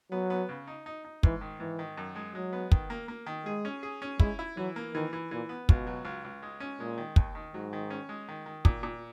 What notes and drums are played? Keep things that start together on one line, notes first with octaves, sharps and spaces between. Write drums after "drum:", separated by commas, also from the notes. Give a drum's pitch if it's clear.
F#3 B3
B3
C#3
D#4
D#4
D#4
G#2 E3, drum: kick
D#3
G#2 E3
D#3
F#2
G#3
F#3 G#3
B3
D#3, drum: kick
A#3
A#3
D#3
G#3 G#4
C#4
G#4
C#4
G#3 E4, drum: kick
E4
E3 F#3
A#3
D#3 E3
E3
A#2 E3
B3
C#2 B2, drum: kick
F#3
C#2
C#2
G#3
C#4
A#2 G#3
D#3
D#2, drum: kick
D#3
G#2 F#3
D#3
C#4
G#3
D#3
D#3
A#2, drum: kick
A#2